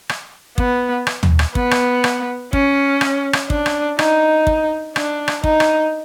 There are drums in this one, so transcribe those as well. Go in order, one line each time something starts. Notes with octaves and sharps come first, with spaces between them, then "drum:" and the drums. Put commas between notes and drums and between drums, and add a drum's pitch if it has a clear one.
drum: rim click
B3, drum: kick
drum: rim click
drum: tom
drum: rim click
B3, drum: kick
drum: rim click
drum: rim click
C#4, drum: kick
drum: rim click
drum: rim click
D4, drum: kick
drum: rim click
D#4, drum: rim click
drum: kick
D4, drum: rim click
drum: rim click
D#4, drum: kick
drum: rim click